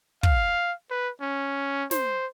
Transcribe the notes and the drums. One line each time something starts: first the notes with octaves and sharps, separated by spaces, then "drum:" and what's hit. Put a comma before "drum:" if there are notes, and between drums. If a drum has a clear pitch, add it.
F5, drum: kick
B4
C#4
C5, drum: snare